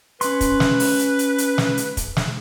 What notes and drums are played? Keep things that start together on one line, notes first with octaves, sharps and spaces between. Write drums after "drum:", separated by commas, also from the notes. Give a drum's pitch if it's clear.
C#4 B4 C6, drum: hi-hat
drum: kick, hi-hat
drum: snare
drum: open hi-hat
drum: hi-hat
drum: hi-hat
drum: hi-hat
drum: snare
drum: hi-hat
drum: kick, hi-hat
drum: snare